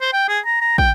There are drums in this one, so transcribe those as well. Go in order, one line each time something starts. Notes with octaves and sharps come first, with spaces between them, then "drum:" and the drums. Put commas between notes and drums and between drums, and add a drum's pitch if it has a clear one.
C5
G5
G#4
A#5
A#5
G5, drum: kick